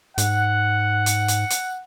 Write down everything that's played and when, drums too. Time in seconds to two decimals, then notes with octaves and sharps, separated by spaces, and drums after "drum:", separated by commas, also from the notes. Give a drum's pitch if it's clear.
0.18 G#2 F#5, drum: hi-hat
1.06 drum: hi-hat
1.28 drum: hi-hat
1.50 drum: hi-hat